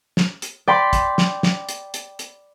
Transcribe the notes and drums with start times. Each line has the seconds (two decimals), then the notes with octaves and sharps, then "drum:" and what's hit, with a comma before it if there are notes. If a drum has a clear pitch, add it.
0.17 drum: snare
0.42 drum: hi-hat
0.68 D5 G5 B5 C6
0.93 drum: kick, hi-hat
1.18 drum: snare
1.43 drum: snare
1.69 drum: hi-hat
1.94 drum: hi-hat
2.19 drum: hi-hat